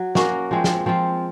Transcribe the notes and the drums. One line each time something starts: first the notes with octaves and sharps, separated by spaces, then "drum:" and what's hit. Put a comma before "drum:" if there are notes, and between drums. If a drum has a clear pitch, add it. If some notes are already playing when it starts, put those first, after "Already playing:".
Already playing: F#3
A#3 C#4 F#4 A#4, drum: snare
F3 G#3 C4
drum: snare
F3 C4 F4